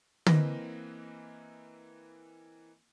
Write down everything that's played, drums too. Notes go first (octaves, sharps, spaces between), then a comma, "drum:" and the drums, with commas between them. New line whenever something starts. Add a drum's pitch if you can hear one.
E3 A#3 C4 B4 D#5 A#6, drum: tom